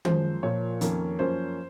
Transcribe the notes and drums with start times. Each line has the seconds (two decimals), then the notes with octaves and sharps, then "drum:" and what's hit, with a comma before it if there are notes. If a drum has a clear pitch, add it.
0.05 F#2 F3 G#3 C5, drum: tom D#3
0.43 A#2 F3 A#3 C#5
0.81 F2 D#3 A#3 C#4, drum: hi-hat
1.19 F#2 F3 A#3 C#4 C5